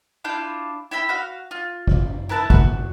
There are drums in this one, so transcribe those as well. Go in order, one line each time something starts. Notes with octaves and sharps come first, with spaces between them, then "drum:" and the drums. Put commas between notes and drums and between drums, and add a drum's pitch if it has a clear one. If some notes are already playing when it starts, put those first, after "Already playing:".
D4 E4 F4 G6
E4 E5 G5 B5
F#4 F5
F4
drum: kick
E4 A#4 B4 A5
F#4, drum: kick